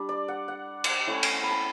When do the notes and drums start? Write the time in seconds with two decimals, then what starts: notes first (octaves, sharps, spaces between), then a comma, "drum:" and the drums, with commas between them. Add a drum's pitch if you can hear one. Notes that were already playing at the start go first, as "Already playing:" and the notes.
Already playing: G3 D4
0.09 D5
0.28 F#5
0.48 F#5
0.84 drum: cymbal
1.07 A3 C#4 E4
1.23 drum: cymbal
1.43 B5
1.51 A5